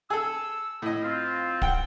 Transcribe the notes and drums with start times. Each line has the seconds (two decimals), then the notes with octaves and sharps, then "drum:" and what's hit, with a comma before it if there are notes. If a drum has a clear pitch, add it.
0.10 G#4 A4 E6
0.82 A2 D#5
1.02 C4 F4
1.62 F#5 G5, drum: kick